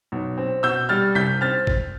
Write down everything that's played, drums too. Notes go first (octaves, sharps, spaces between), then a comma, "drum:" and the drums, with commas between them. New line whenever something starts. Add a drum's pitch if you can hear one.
B1
C4
B2 E6 G6
G3 F6 A6
C2 G6 B6
C4 F6 A6
drum: kick